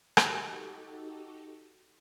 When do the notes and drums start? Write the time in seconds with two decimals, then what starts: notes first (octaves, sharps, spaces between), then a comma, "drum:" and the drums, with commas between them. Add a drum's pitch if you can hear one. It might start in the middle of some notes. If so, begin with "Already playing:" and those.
0.17 D#4 F#4 G4 A4, drum: rim click